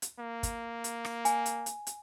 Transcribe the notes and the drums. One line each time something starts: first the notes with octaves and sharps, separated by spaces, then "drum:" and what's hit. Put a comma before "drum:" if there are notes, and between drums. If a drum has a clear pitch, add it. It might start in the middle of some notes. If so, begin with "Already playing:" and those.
drum: hi-hat
A#3
drum: kick, hi-hat
drum: hi-hat
drum: rim click
G#5, drum: hi-hat
drum: hi-hat
drum: hi-hat
drum: hi-hat